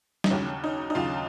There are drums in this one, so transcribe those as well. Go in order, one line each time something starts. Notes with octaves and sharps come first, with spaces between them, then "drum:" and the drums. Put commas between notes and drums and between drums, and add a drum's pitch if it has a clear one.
D#4, drum: snare G3
D#2 C#3 F#3 C#4
D#4
D#4
D#2 C#3 F#3 F4